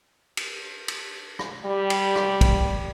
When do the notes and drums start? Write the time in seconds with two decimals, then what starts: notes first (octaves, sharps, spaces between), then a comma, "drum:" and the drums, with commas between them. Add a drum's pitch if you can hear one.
0.37 drum: cymbal
0.88 drum: cymbal
1.39 drum: rim click
1.65 G3
1.90 drum: cymbal
2.16 drum: rim click
2.41 drum: kick, cymbal